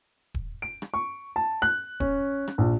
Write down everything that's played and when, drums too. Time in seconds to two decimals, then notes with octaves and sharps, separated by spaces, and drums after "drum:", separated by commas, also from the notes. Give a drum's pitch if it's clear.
0.34 drum: kick D#1
0.62 D7
0.82 drum: rim click
0.94 C#6
1.36 A5
1.62 F#6
2.00 C#4, drum: kick D#1
2.48 drum: rim click
2.58 A#1